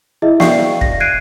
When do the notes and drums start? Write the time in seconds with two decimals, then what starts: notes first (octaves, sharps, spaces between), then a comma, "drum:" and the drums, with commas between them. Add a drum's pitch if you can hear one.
0.22 E4 G#4 D#5 E5
0.40 D5 E5 F5 G5 C#6 C7, drum: snare
0.81 A#6, drum: kick
1.00 F#6 G#6 C7 D7 D#7